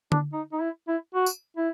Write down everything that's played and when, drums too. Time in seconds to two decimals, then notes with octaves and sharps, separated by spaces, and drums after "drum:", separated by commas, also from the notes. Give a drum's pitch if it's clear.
0.12 D4, drum: tom D3
0.33 D#4
0.52 D#4
0.61 E4
0.88 E4
1.15 F#4
1.26 drum: tambourine
1.57 E4